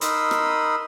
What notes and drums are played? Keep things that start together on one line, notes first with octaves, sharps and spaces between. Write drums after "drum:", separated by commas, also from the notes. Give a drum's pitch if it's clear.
D#4 A#4 B5 C6 D#6 E6, drum: hi-hat
drum: rim click